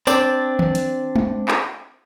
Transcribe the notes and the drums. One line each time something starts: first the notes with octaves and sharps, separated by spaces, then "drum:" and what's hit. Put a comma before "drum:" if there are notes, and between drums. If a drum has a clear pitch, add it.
C4 D4 D5, drum: tambourine
drum: tom D#3
drum: hi-hat
drum: tom G#3
drum: clap